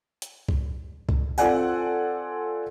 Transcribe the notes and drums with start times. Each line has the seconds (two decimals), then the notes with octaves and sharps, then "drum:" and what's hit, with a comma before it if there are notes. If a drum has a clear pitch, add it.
0.22 drum: hi-hat
0.49 drum: kick
1.09 drum: kick
1.38 C4 F4 A4 D5 F#5 G#5, drum: tambourine